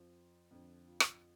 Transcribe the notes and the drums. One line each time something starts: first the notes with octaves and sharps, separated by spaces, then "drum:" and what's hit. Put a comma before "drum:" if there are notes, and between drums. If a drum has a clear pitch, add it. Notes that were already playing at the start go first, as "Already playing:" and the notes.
Already playing: F2 F3
F2 D3 F3
F4
drum: rim click